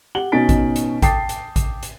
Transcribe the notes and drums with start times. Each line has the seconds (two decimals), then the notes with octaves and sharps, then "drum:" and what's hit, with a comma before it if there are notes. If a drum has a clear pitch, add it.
0.15 G4 F#5 F#7 G7
0.32 B2 C#4 D#4 A6 B6 D7
0.49 drum: kick A1, hi-hat
0.76 drum: hi-hat
1.02 G5 A5 D6 D#6 A6 C7, drum: kick A1, hi-hat
1.29 drum: hi-hat
1.56 drum: kick A1, hi-hat
1.83 drum: hi-hat